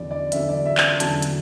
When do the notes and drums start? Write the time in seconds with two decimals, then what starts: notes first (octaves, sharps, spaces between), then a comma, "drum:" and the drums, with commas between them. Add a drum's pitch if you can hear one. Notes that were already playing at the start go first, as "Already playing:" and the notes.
Already playing: E2 D3 F#3 D5
0.11 D5
0.32 E2 D3 F#3 E5, drum: hi-hat
0.49 D5
0.66 E5
0.78 drum: clap
1.00 E2 D3 F#3 A5, drum: hi-hat
1.22 drum: hi-hat